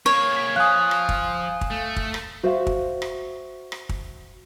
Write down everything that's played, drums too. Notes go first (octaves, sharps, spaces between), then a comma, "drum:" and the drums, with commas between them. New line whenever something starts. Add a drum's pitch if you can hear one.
A#3 G#4 C#5
G#6 B6
F3 F5 G#5 D#6 F#6
drum: rim click
drum: kick
drum: kick
A3
drum: kick
drum: rim click
F#4 C5 E5 F5
drum: kick
drum: rim click
drum: rim click
drum: kick